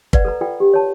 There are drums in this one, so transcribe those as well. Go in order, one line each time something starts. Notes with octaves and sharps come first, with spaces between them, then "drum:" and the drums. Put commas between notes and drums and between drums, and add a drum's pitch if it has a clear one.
B4 D5 F#5, drum: kick
A4 B4 A#5
F4 A4 B4 D5 F#5 G5
G4
C#5 A5